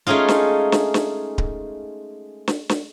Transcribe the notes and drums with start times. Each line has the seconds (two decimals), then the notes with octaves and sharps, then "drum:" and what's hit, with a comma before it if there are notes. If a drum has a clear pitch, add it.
0.07 G#3 A3 C#4 D#4 F4
0.28 drum: snare
0.72 drum: snare
0.94 drum: snare
1.38 drum: kick D1
2.48 drum: snare
2.69 drum: snare